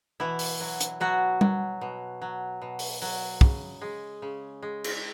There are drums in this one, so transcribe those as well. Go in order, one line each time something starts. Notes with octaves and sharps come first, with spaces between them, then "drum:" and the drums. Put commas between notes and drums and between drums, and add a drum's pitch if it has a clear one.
B2 E3 E4
drum: open hi-hat
F#3
drum: hi-hat
B2 F#3 F#4
F#3, drum: tom G3
B2
F#3
B2
drum: open hi-hat
F#3, drum: open hi-hat
C#3, drum: kick
G#3
C#3
G#3
drum: cymbal